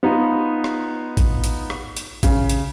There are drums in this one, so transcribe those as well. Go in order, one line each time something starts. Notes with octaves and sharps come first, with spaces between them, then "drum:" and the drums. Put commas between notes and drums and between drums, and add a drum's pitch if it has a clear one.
B3 D#4 F4
drum: rim click
drum: kick A1, hi-hat
drum: hi-hat
drum: rim click
drum: hi-hat
C#3, drum: kick A1, hi-hat
drum: hi-hat